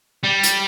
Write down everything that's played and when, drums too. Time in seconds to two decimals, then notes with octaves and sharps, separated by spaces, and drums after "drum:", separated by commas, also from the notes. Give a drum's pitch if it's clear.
0.24 G3
0.43 drum: hi-hat